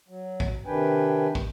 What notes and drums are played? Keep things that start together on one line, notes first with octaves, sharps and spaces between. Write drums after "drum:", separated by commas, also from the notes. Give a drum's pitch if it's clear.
F#3
drum: kick
C3 D#3 D4 B4 G5 G#5
drum: kick